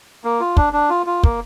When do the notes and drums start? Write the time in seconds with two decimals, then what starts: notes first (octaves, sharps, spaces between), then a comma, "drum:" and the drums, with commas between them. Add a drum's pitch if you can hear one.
0.24 A#3
0.40 F4
0.57 D4, drum: kick
0.73 D4
0.90 F4
1.06 F4
1.24 A#3, drum: kick